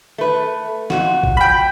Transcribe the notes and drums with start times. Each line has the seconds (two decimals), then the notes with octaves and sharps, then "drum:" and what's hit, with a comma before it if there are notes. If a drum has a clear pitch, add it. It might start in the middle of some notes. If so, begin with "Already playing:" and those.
0.18 A3 B4
0.90 F2 F#4, drum: snare D#3
1.23 drum: kick
1.37 G5 B5